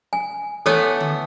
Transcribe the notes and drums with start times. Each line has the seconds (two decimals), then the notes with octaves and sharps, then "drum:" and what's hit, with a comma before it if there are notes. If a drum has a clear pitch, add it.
0.13 G#5
0.66 E3 A3 B3 A4 C#5
1.00 drum: tom D3